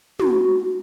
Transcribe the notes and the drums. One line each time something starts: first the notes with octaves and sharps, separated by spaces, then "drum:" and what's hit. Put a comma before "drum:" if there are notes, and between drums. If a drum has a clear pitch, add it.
F#4, drum: tom